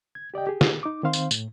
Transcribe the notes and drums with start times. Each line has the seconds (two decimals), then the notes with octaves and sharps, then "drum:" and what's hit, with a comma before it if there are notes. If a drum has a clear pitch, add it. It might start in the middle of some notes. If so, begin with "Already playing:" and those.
0.15 G#6
0.34 G4 D5 D#5 G5
0.47 G4 G#4
0.61 drum: snare
0.83 D#4 D6
1.03 D#3 C4 C5 F5 C6
1.13 drum: tambourine
1.31 A2, drum: tambourine